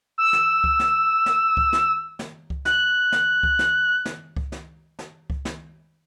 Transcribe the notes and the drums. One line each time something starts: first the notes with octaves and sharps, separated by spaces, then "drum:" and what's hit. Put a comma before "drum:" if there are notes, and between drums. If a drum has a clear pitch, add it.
E6
drum: snare
drum: kick C#2
drum: snare
drum: snare
drum: kick C#2
drum: snare
drum: snare
drum: kick C#2
F#6, drum: snare
drum: snare
drum: kick C#2
drum: snare
drum: snare
drum: kick C#2
drum: snare
drum: snare
drum: kick C#2
drum: snare